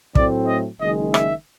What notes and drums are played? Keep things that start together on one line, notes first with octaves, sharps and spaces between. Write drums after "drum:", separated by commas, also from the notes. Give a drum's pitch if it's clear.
A2 F#3 A3 C4 D5, drum: kick
D#5
F#1 F#2 D#3 G#3 D#5
E5, drum: rim click